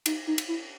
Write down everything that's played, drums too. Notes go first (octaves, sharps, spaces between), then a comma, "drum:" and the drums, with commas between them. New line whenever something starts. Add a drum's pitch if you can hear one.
D#4, drum: cymbal
D#4
drum: cymbal
E4